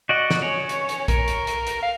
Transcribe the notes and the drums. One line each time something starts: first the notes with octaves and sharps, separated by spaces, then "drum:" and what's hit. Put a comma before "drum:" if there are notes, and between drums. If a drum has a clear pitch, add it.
F#4 D5 D#5 F#5
drum: snare
C#4 C#5
drum: hi-hat
drum: hi-hat
A#4, drum: kick A#1, hi-hat
drum: hi-hat
drum: hi-hat
drum: hi-hat
F5